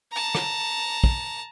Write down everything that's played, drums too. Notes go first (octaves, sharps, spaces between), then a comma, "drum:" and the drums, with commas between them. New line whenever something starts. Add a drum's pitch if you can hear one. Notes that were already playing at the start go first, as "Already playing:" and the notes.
A5 A#5
drum: rim click
drum: kick